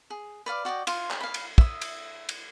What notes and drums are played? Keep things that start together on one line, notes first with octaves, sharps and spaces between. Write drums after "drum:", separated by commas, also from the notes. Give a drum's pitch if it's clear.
G#4
B4 D5 F5 D6
F#4 D5 D#5 G5
F4 C6, drum: cymbal
drum: clap
F5 B5
drum: cymbal
E5 D#6, drum: kick
drum: cymbal
drum: cymbal